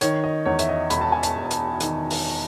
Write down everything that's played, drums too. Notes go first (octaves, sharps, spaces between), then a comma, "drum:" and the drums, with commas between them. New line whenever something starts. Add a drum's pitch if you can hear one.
D#3 C#5, drum: hi-hat
D#5
E2 C#5
E5, drum: hi-hat
D#5
E1 B5, drum: hi-hat
A5
G#5
A5, drum: hi-hat
E1
drum: hi-hat
D#3, drum: hi-hat
drum: open hi-hat